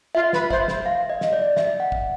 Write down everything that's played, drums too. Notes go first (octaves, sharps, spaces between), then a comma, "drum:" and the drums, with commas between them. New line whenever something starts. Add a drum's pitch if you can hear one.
F4 E5
B4, drum: snare
C5 E5, drum: kick
drum: snare
F5
D#5
drum: snare
D5
E5, drum: snare
F#5
drum: kick